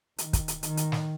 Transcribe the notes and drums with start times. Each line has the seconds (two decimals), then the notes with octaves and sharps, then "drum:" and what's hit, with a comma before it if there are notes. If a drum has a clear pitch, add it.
0.18 D#3, drum: hi-hat
0.33 drum: kick, hi-hat
0.48 drum: hi-hat
0.63 D#3, drum: hi-hat
0.77 drum: hi-hat
0.92 drum: snare